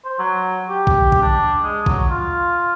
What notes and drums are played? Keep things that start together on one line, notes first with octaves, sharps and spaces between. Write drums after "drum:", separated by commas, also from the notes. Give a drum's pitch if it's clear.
C5
F#3
G4
drum: kick A#1
drum: kick A#1
D4
G#3
F#3, drum: kick A#1
F4